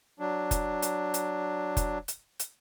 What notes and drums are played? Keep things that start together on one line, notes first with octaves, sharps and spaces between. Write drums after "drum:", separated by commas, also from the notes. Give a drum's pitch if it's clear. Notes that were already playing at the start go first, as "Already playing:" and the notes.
F#3 D4
drum: kick F1, hi-hat
drum: hi-hat
drum: hi-hat
drum: kick F1, hi-hat
drum: hi-hat
drum: hi-hat